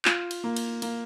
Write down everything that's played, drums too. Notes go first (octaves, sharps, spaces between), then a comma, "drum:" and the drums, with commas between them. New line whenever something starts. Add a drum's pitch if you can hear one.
F4, drum: clap
drum: cymbal
A#3
drum: cymbal
A#3, drum: cymbal